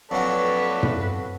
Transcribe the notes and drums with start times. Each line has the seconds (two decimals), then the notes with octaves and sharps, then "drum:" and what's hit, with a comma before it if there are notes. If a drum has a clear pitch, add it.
0.11 F2 F#3 A4 B4 C#5 D5
0.83 drum: tom